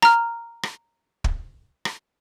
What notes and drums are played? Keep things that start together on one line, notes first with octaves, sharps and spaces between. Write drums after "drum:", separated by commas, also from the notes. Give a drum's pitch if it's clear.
A#5 F6, drum: rim click
drum: rim click
drum: kick
drum: rim click